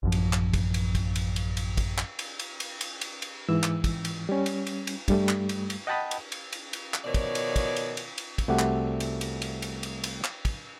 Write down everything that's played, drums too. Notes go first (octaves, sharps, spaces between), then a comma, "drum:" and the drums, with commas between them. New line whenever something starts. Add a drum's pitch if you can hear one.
A1 F#2 F3
drum: cymbal
drum: clap
drum: kick, cymbal
drum: cymbal
drum: kick, cymbal
drum: cymbal
drum: cymbal
drum: cymbal
drum: kick, cymbal
drum: clap
drum: cymbal
drum: cymbal
drum: cymbal
drum: cymbal
drum: cymbal
drum: cymbal
G#2 E3 E6
drum: clap
drum: kick, cymbal
drum: cymbal
G3 C#4
drum: cymbal
drum: cymbal
drum: cymbal
G2 G3 A3, drum: kick, cymbal
drum: clap
drum: cymbal
drum: cymbal
D#5 F#5 G5 A5 B5 D#6
drum: cymbal
drum: cymbal
drum: cymbal
drum: cymbal
drum: clap
B2 D#3 F3 C#5 D5
drum: kick, cymbal
drum: cymbal
drum: kick, cymbal
drum: cymbal
drum: cymbal
drum: cymbal
drum: kick, cymbal
C2 A3 F#4 G4 F#5
drum: clap
drum: cymbal
drum: cymbal
drum: cymbal
drum: cymbal
drum: cymbal
drum: cymbal
drum: clap
drum: kick, cymbal